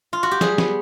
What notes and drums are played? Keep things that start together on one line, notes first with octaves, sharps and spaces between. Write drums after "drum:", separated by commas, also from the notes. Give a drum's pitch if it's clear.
F4
F#4
G4
G3 G#4, drum: snare
B3, drum: snare